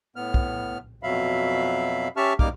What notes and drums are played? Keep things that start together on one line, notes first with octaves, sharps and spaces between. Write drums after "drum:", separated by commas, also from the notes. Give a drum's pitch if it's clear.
A2 B3 F6
drum: kick
F2 B2 F#3 E5 F5 B5
C#4 G4 E5 A5 C#6 F6
F#2 G3 A#3 D#4 D6 F6, drum: kick